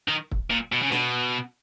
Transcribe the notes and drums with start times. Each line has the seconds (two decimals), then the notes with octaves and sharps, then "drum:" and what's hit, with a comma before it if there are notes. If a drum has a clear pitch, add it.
0.08 D#3
0.31 drum: kick
0.51 A#2
0.73 B2
0.83 C#3
0.92 B2, drum: snare